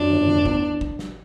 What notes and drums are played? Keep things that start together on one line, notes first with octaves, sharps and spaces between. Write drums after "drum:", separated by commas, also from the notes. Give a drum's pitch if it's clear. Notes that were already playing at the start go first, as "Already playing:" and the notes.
Already playing: F#2 D4
G1
F1
E2, drum: kick G1
drum: kick G1
drum: snare